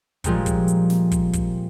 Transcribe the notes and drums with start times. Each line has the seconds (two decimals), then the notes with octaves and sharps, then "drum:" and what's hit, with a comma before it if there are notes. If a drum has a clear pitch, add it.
0.24 A#2 F3 G3 G#3 A#3 C4, drum: kick, hi-hat
0.46 drum: kick, hi-hat
0.68 drum: hi-hat
0.90 drum: snare
1.11 drum: kick, hi-hat
1.33 drum: kick, hi-hat